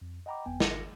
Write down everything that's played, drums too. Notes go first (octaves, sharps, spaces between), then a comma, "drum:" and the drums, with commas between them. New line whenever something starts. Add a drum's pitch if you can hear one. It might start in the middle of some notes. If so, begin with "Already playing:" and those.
F2
D#5 F#5 G5 A#5 B5 D6
G1 F2 B3 G5 G#5
G1 F4 A#4 A#6 C#7, drum: snare